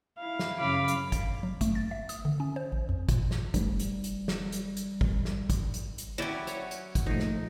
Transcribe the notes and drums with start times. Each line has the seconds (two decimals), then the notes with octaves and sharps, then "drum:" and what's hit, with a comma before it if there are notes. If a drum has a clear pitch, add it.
0.19 E4 F5
0.39 drum: snare
0.59 F#2 C#3 F5 B5 D6
0.88 drum: hi-hat
1.12 drum: kick, hi-hat
1.43 F#3
1.61 A3, drum: kick, hi-hat
1.75 A6
1.91 E5
2.09 D#6, drum: hi-hat
2.25 D3
2.40 C#4
2.56 C5
2.72 A1
2.89 F2
3.09 A#2, drum: kick, hi-hat
3.31 drum: snare
3.54 F1 G3, drum: kick, hi-hat
3.79 drum: hi-hat
4.04 drum: hi-hat
4.28 drum: snare
4.52 drum: hi-hat
4.77 drum: hi-hat
5.01 drum: kick
5.25 drum: snare
5.50 drum: kick, hi-hat
5.74 drum: hi-hat
5.98 drum: hi-hat
6.18 F#3 C#4 E4 D5 G5
6.47 C#5, drum: hi-hat
6.71 drum: hi-hat
6.95 drum: kick, hi-hat
7.06 A#2 F3 A3 D#4
7.20 drum: snare